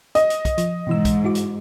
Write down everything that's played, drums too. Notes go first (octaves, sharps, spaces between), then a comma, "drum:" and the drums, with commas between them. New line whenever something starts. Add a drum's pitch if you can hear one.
D#5, drum: hi-hat
drum: hi-hat
drum: kick, hi-hat
F3, drum: hi-hat
G#2 B2 E3 E6
drum: kick, hi-hat
E4 F#4 D6
drum: hi-hat